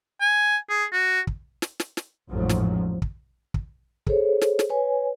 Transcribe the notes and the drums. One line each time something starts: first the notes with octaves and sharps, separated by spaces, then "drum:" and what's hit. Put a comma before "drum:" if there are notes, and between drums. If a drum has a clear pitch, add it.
G#5
G#4
F#4
drum: kick
drum: snare
drum: snare
drum: snare
A1 F2 G#2 F3 F#3
drum: snare
drum: kick
drum: kick
G#4 A4 C5 C#5, drum: kick
drum: snare
drum: snare
B4 C#5 G#5